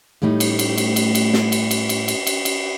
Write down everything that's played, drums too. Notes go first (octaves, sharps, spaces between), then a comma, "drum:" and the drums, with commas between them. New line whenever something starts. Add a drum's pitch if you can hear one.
A2 G3 A3 D#4
drum: cymbal
drum: cymbal
drum: cymbal
drum: cymbal
drum: cymbal
drum: snare
drum: cymbal
drum: cymbal
drum: cymbal
drum: cymbal
drum: cymbal
drum: cymbal